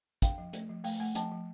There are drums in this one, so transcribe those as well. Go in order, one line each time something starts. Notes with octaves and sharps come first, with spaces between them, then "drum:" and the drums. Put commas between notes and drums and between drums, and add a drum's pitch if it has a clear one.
D4 F5 G5, drum: kick, hi-hat
F3
A3, drum: hi-hat
F3
A3 F5 G5, drum: open hi-hat
A3 F#5 G#5
F3 G5 A5, drum: hi-hat
F3